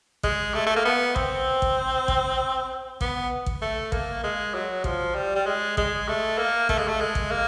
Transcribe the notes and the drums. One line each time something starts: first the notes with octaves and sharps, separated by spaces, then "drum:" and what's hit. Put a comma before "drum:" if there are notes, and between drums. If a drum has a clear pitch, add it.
G#3, drum: kick A1
A3
A3
A#3
B3
C4, drum: kick A1
drum: kick A1
drum: kick A1
B3, drum: kick A1
drum: kick A1
A3
A#3, drum: kick A1
G#3
F#3
F3, drum: kick A1
G3
G3
G#3
G#3, drum: kick A1
A3
A#3
A3, drum: kick A1
G#3
A3
G#3
drum: kick A1
A#3